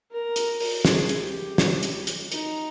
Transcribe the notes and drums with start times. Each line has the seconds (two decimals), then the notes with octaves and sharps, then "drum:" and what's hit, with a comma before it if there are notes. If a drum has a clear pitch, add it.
0.11 A#4
0.36 drum: hi-hat
0.60 drum: open hi-hat
0.85 G#4, drum: snare
1.09 drum: hi-hat
1.22 G4
1.58 drum: snare
1.83 drum: hi-hat
2.07 drum: hi-hat
2.32 D#4, drum: hi-hat